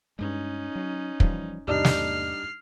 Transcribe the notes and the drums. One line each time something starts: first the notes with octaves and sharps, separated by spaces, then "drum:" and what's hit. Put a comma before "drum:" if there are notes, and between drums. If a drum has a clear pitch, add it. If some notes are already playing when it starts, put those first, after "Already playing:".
G2 G#3 C#4 D#4
F#3
E3 F3 G3, drum: kick
E2 G#2 C3 G3 D4 D#4 F6 C7
drum: snare